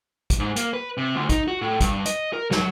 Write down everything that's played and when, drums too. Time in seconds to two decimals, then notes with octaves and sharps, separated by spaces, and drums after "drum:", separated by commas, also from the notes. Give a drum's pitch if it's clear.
0.30 drum: kick, hi-hat
0.39 G#2
0.56 A#3, drum: hi-hat
0.74 B4
0.97 C3
1.15 D2
1.29 D#4, drum: kick, hi-hat
1.48 F#4
1.61 A2
1.81 G2, drum: kick, hi-hat
2.06 D#5, drum: hi-hat
2.33 A#4
2.51 F#3, drum: snare